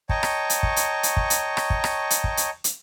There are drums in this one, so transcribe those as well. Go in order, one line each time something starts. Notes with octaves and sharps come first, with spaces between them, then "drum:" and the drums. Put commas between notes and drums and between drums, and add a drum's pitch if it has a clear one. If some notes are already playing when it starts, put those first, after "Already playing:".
C#5 D#5 G5 A5 A#5 C#6, drum: kick
drum: rim click
drum: hi-hat
drum: kick
drum: hi-hat
drum: hi-hat
drum: kick
drum: hi-hat
drum: rim click
drum: kick
drum: rim click
drum: hi-hat
drum: kick
drum: hi-hat
drum: hi-hat